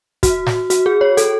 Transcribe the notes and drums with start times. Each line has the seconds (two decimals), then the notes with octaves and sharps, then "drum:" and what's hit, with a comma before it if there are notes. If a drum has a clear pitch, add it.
0.23 F#4, drum: kick, hi-hat
0.47 drum: snare
0.70 F#4, drum: hi-hat
0.86 G#4
1.01 C#5
1.17 A4, drum: hi-hat